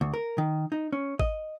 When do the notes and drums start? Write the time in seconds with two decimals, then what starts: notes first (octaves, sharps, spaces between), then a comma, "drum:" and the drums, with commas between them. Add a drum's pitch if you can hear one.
0.01 D2
0.14 A#4
0.38 D#3
0.72 D#4
0.93 C#4
1.19 D#5, drum: kick G#1